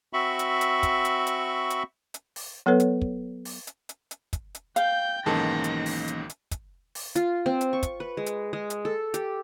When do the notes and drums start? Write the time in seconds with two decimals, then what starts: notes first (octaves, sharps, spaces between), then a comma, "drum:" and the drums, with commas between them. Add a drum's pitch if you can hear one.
0.13 C4 F#4 E5 B5 C#6
0.39 drum: hi-hat
0.61 drum: hi-hat
0.83 drum: kick, hi-hat
1.05 drum: hi-hat
1.27 drum: hi-hat
1.70 drum: hi-hat
2.14 drum: hi-hat
2.36 drum: open hi-hat
2.66 F#3 B3 A4 B4 C#5
2.80 drum: hi-hat
3.02 drum: kick
3.45 drum: open hi-hat
3.67 drum: hi-hat
3.89 drum: hi-hat
4.11 drum: hi-hat
4.33 drum: kick, hi-hat
4.55 drum: hi-hat
4.76 F5 G5 G6, drum: hi-hat
5.26 B1 G#2 D#3 E3 A#3 C#4 A4 A#6
5.64 drum: hi-hat
5.86 drum: open hi-hat
6.08 drum: hi-hat
6.30 drum: hi-hat
6.51 drum: kick, hi-hat
6.95 drum: open hi-hat
7.15 F4, drum: hi-hat
7.46 C4
7.61 drum: hi-hat
7.73 C#6
7.83 drum: kick, hi-hat
8.00 B4
8.17 G#3
8.26 drum: hi-hat
8.53 G#3
8.70 drum: hi-hat
8.85 A4
9.14 G4, drum: hi-hat